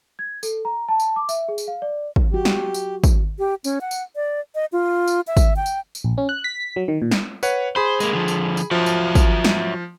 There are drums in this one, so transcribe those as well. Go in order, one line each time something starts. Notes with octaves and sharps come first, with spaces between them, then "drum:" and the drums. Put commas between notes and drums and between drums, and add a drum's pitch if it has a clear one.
G#6
A4, drum: tambourine
A#5
A5
drum: tambourine
D6
E5, drum: tambourine
G#4
drum: tambourine
F5
D5
drum: kick
F#3 F#4 G4
drum: snare
drum: tambourine
drum: kick, tambourine
G4
C#4, drum: tambourine
F#5
drum: tambourine
D5
D#5
F4
drum: tambourine
E5
drum: kick, tambourine
G5
drum: tambourine
drum: tambourine
A#1
C#4
F#6
B6
F#3
D#3
A#2
drum: snare
B4 C#5 F#5, drum: tambourine
G#4 C5 B5
G#3 A#3, drum: tambourine
D3 F3
drum: tambourine
drum: tambourine
F3 F#3 F#4 E5
drum: tambourine
drum: kick, tambourine
drum: snare